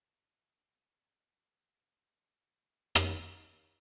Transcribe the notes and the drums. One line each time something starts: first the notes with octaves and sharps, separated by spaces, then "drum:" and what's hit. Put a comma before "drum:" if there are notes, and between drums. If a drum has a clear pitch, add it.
A#2
C3
G#2
drum: rim click